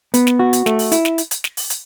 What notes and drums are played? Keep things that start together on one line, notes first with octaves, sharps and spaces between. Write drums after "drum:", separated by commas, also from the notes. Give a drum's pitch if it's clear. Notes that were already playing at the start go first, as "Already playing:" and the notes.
B3, drum: hi-hat
drum: snare
F#4
drum: hi-hat
A3, drum: snare
drum: open hi-hat
E4, drum: hi-hat
drum: snare
drum: hi-hat
drum: hi-hat
drum: snare
drum: open hi-hat
drum: hi-hat